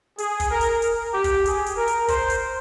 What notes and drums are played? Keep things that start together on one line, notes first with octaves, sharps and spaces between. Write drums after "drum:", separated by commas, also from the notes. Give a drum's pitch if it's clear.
G#4, drum: hi-hat
drum: kick, hi-hat
A#4
drum: hi-hat
drum: hi-hat
G4
drum: kick, hi-hat
G#4, drum: hi-hat
drum: hi-hat
A#4
drum: hi-hat
C5, drum: kick, hi-hat
drum: hi-hat